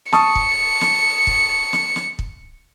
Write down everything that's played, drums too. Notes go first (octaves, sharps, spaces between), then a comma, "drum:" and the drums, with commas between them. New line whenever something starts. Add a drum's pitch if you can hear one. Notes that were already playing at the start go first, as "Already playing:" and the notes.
A5 C#6 D#6 C#7, drum: snare
drum: kick
drum: snare
drum: kick
drum: snare
drum: snare
drum: kick